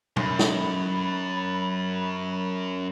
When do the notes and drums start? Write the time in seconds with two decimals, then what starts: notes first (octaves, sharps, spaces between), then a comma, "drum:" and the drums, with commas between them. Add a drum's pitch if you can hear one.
0.17 F#2 B5, drum: tom
0.39 drum: snare